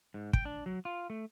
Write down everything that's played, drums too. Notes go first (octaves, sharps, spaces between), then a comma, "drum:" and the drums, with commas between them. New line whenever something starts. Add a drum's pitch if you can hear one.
G#2
G5, drum: kick
D4
F#3
F4
A3